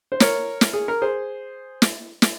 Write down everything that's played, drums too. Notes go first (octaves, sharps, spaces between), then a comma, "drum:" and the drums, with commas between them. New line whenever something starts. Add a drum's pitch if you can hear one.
C5
A#4 C#5, drum: snare
drum: snare
G#4
A#4
G#4 C5
drum: snare
drum: snare